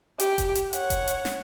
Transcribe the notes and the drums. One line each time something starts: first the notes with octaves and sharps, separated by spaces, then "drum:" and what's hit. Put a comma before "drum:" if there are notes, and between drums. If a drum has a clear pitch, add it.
G4, drum: hi-hat
drum: kick F1, hi-hat
drum: hi-hat
C#5 F#5, drum: hi-hat
drum: kick F1, hi-hat
drum: hi-hat
drum: snare